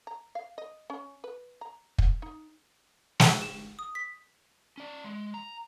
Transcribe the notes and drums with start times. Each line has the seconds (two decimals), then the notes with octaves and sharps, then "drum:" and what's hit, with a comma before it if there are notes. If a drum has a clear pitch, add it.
0.07 A#5
0.35 F5
0.58 D#5
0.90 C#4
1.24 B4
1.61 A#5
1.98 drum: kick
2.22 D#4
3.20 G5, drum: snare
3.42 E7
3.79 D#6
3.95 B6
4.78 C#4 D5
5.04 G#3
5.34 A#5